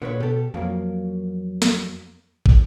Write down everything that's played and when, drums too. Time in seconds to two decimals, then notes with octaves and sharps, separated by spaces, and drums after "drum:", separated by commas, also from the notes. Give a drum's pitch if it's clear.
0.02 A#2 D3 B4 C#5
0.20 B2 G4 A4
0.54 F2 F3 F#3 A#3
1.62 drum: snare
2.46 drum: kick